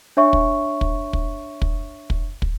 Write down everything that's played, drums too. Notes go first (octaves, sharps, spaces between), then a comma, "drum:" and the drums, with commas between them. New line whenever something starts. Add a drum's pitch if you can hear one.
D4 C#5 E5 C#6
drum: kick
drum: kick
drum: kick
drum: kick
drum: kick
drum: kick